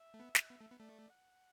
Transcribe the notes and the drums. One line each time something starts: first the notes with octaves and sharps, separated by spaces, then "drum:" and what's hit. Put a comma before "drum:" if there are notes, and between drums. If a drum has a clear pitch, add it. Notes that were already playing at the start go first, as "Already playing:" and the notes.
Already playing: E5
A3
B3
drum: snare
B3
A3
B3
A3 D5
F#5